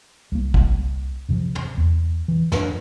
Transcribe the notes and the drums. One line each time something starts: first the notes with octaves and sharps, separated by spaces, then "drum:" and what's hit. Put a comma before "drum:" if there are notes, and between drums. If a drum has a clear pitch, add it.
C2 A#3
drum: kick
F#2 C3 F3
drum: tom
E2
E3
F#2 D4, drum: snare